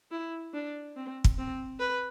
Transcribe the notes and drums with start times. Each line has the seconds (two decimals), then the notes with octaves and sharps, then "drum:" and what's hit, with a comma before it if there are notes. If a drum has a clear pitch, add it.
0.11 E4
0.54 D4
0.97 C4
1.24 drum: kick
1.38 C4
1.80 B4